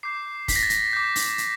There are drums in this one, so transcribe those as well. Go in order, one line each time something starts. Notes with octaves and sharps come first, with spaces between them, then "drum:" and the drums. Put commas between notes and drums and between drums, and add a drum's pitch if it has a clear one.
D6 G6 C7
B6, drum: kick, open hi-hat
A#6
A6
A#6, drum: hi-hat
D6 G6
drum: open hi-hat
drum: hi-hat